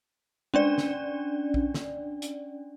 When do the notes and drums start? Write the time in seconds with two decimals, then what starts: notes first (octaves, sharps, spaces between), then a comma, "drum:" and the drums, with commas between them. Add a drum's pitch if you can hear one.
0.54 C#4 D4 D5, drum: tom G#3
0.78 drum: snare
1.54 drum: kick A#1
1.74 drum: snare
2.22 drum: hi-hat